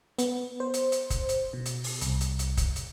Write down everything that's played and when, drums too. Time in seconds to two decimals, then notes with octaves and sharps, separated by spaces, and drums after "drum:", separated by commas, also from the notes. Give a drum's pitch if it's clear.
0.18 B3, drum: hi-hat
0.60 C5
0.74 drum: hi-hat
0.92 drum: hi-hat
1.10 drum: kick, hi-hat
1.29 drum: hi-hat
1.53 B2
1.65 drum: hi-hat
1.84 drum: open hi-hat
2.01 C2, drum: hi-hat
2.21 drum: hi-hat
2.39 drum: hi-hat
2.57 drum: kick, hi-hat
2.76 drum: hi-hat